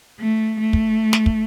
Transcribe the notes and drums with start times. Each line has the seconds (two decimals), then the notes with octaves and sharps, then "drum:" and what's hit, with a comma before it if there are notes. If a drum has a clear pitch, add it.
0.20 A3
0.60 A3
0.73 drum: kick
1.13 drum: snare
1.26 drum: kick